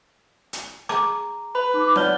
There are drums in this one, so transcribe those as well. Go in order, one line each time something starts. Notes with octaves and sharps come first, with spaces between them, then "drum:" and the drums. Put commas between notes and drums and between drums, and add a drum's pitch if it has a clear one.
drum: hi-hat
G#4 A#5 D6, drum: rim click
B4 B5
D#4 D6
D#4 C#5 D5 F#5 F6 G7, drum: snare